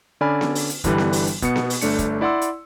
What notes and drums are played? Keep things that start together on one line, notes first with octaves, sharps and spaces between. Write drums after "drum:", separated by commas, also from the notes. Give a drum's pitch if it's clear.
D3 C#4 D5 G#5 B5 F6
drum: snare B3
drum: open hi-hat
drum: hi-hat
G1 G2 D3 E3 G3 B4, drum: kick, hi-hat
drum: snare B3
drum: open hi-hat
drum: hi-hat
B2 B3 C#7, drum: kick, hi-hat
drum: snare B3
drum: open hi-hat
G1 A3 D4 C#7, drum: hi-hat
drum: kick, hi-hat
E4 D5 F#5 C6 E6
drum: hi-hat